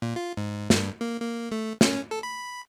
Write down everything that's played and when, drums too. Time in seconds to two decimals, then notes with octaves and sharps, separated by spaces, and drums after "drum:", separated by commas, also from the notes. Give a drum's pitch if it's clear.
0.02 A#2
0.16 F4
0.37 G#2
0.70 G2, drum: snare
1.01 A#3
1.20 A#3
1.52 A3
1.81 C#4, drum: snare
2.11 A4
2.23 B5